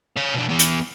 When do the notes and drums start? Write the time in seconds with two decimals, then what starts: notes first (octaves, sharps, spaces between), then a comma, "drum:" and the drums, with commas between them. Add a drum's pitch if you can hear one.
0.17 C#5 F5
0.34 B2 D4
0.49 E3 B3
0.59 drum: hi-hat